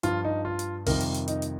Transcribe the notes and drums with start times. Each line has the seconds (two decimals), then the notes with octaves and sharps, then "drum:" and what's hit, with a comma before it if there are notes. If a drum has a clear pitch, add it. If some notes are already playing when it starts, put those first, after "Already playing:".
0.03 G2 F3 F4, drum: hi-hat
0.24 D#4
0.45 F4
0.59 drum: hi-hat
0.86 F2 C3 D#3 G3 A#4, drum: kick, open hi-hat
1.00 drum: hi-hat
1.14 drum: hi-hat
1.28 D#4, drum: hi-hat
1.42 drum: hi-hat